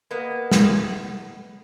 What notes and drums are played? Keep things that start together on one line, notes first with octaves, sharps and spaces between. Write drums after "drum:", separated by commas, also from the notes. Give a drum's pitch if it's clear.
A#3 B3 A#4 B4 D#5
drum: snare